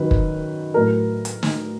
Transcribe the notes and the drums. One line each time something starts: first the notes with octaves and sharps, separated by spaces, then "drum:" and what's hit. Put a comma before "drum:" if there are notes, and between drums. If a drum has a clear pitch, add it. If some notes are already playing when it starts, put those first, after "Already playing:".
Already playing: F#2 D#3 F#3 B4
drum: kick
A2 F#3 A#4
drum: hi-hat
drum: snare